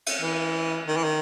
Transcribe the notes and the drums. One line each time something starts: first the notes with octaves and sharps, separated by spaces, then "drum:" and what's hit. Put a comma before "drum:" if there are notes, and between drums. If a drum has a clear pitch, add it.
drum: cymbal
E3
D#3
E3
D#3